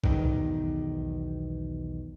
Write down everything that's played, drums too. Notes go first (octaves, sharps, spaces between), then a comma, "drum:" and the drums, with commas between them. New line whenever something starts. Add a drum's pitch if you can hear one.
B1 E2 D#3, drum: kick B1